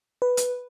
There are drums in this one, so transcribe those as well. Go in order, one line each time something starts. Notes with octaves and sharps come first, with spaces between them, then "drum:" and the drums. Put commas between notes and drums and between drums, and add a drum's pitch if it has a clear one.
B4
drum: hi-hat